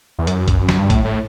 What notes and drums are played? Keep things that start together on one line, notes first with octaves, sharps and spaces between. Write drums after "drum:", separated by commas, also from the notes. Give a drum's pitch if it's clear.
E2
F#2, drum: hi-hat
drum: kick, hi-hat
drum: snare
G2
A2, drum: kick, hi-hat
A2